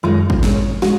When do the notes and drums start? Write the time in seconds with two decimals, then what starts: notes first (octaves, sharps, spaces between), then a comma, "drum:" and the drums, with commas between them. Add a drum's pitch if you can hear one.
0.03 F#2 D#3 G#3 D#4 F4
0.30 drum: kick
0.43 A#2 G#3 C#4, drum: snare
0.82 G#3 F#4, drum: snare